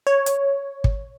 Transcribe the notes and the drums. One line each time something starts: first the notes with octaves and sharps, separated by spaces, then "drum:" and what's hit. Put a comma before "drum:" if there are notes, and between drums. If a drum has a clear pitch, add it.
C#5
drum: hi-hat
drum: kick